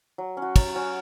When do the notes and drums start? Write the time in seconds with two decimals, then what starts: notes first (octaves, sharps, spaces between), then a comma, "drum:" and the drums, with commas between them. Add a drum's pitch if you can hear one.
0.18 F#3
0.37 C#4
0.42 F#4
0.56 F#3, drum: kick, cymbal
0.75 C#4 F#4